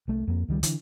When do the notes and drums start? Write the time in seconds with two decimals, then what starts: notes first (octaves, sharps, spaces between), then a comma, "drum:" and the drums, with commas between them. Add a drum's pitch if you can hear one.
0.08 C2 A3
0.27 F2 A#3
0.48 C#2 D#3 G3
0.63 D3 E3, drum: hi-hat